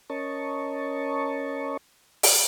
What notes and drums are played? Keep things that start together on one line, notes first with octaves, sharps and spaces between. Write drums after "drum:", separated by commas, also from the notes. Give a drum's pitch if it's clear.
C#4 A#4 C#5 D#5 A5 C#6
drum: open hi-hat